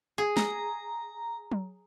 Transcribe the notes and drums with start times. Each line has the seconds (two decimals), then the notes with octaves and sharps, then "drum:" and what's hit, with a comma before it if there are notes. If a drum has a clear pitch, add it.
0.18 G#4
0.37 A#5, drum: snare
1.52 drum: tom F#3